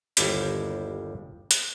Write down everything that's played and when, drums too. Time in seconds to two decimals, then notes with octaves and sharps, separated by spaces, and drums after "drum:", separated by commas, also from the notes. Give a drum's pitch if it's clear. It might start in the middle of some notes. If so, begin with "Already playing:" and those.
0.17 G1 D#2 G3 E4 F#4 C5, drum: hi-hat
1.51 drum: hi-hat